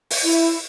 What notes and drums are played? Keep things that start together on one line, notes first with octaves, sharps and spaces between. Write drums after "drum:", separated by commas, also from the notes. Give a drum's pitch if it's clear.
drum: open hi-hat
E4